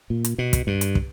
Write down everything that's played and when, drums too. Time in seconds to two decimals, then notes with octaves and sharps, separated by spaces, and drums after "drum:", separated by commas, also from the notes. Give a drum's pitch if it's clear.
0.10 A#2
0.24 drum: hi-hat
0.38 B2
0.53 drum: kick, hi-hat
0.67 G2
0.81 drum: hi-hat
0.95 drum: kick